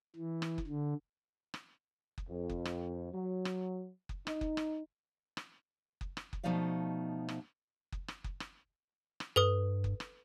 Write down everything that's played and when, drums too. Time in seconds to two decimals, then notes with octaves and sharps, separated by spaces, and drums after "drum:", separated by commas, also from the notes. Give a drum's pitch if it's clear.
0.16 E3
0.42 drum: rim click
0.58 drum: kick F#1
0.67 D3
1.54 drum: rim click
2.18 drum: kick F#1
2.28 F2
2.49 drum: kick F#1
2.65 drum: rim click
3.13 F#3
3.45 drum: rim click
4.09 drum: kick F#1
4.27 D#4, drum: rim click
4.41 drum: kick F#1
4.57 drum: rim click
5.37 drum: rim click
6.01 drum: kick F#1
6.17 drum: rim click
6.33 drum: kick F#1
6.44 B2 F3 A3 D#4 D5 F5
7.29 drum: rim click
7.92 drum: kick F#1
8.08 drum: rim click
8.24 drum: kick F#1
8.40 drum: rim click
9.20 drum: rim click
9.36 G2 A4 B4 D#6
9.84 drum: kick F#1
10.00 drum: rim click